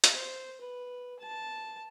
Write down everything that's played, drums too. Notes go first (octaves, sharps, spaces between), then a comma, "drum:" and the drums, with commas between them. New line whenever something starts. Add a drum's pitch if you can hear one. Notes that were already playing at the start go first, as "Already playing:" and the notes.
drum: hi-hat
C5
B4
A5